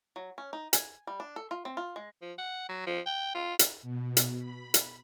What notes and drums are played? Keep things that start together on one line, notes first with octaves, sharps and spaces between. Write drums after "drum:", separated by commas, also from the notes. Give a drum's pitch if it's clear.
F#3
C#4
D#4
G#5, drum: hi-hat
G3
D4
A4
F4
C4
F4
G#3
F3
F#5
F#3
F3
G5
F4
drum: hi-hat
B2
drum: hi-hat
B5
drum: hi-hat